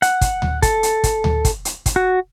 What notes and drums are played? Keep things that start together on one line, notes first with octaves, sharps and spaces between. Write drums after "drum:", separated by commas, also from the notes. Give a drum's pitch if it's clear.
F#5, drum: hi-hat
drum: kick, hi-hat
drum: tom D2
A4, drum: kick, hi-hat
drum: hi-hat
drum: kick, hi-hat
drum: tom D2
drum: kick, hi-hat
drum: hi-hat
drum: kick, hi-hat
F#4